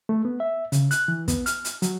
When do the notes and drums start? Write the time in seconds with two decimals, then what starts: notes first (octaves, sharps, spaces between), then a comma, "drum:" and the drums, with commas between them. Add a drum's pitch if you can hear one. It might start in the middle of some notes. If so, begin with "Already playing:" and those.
0.09 A3
0.25 B3
0.40 E5
0.72 C#3, drum: hi-hat
0.91 F#6, drum: hi-hat
1.08 E3
1.28 B3, drum: kick, hi-hat
1.46 F6, drum: hi-hat
1.65 drum: hi-hat
1.82 F#3, drum: hi-hat